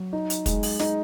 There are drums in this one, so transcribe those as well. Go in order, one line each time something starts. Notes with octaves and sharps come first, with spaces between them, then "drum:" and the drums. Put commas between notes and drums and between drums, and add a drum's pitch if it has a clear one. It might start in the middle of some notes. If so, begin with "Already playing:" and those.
Already playing: F#3
D#4
drum: hi-hat
G#3, drum: kick, hi-hat
drum: open hi-hat
D#4, drum: snare